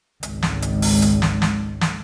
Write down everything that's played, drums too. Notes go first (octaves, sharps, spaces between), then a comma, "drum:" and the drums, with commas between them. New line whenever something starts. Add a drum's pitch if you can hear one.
G#1 C#2, drum: hi-hat
drum: snare
drum: hi-hat
drum: open hi-hat
drum: hi-hat
drum: snare
drum: snare
drum: snare